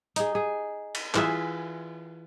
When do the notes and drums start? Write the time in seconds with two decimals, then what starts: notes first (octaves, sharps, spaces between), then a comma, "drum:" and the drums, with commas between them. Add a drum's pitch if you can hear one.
0.16 D#4 G#4, drum: hi-hat
0.35 G#4
0.95 drum: cymbal
1.15 E3 F4 G#4 E5, drum: clap